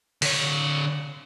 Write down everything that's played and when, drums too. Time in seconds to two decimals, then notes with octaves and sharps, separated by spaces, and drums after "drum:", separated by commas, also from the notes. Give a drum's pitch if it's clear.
0.22 D3 C#5, drum: open hi-hat